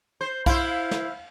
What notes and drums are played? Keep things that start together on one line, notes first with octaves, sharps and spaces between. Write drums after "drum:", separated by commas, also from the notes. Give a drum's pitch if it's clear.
C5
E4 C5 F5, drum: kick, cymbal
drum: snare